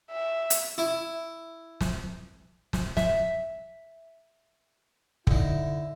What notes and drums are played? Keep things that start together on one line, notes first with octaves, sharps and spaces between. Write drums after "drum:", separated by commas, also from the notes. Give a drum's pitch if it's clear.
E5
drum: hi-hat
E4
drum: snare
drum: snare
E5, drum: snare
D3 D#4 E4, drum: kick